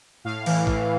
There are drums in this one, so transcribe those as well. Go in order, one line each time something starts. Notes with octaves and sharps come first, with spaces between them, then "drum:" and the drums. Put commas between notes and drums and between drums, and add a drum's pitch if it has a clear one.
A2 F5
E3, drum: cymbal
A2, drum: kick